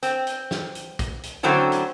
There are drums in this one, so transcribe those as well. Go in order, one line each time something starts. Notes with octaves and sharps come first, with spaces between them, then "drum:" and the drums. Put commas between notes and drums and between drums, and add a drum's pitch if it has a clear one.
C4, drum: hi-hat
drum: hi-hat
drum: snare
drum: hi-hat
drum: kick, hi-hat
drum: hi-hat
D3 F#3 A3 C4 C#4 E4
drum: hi-hat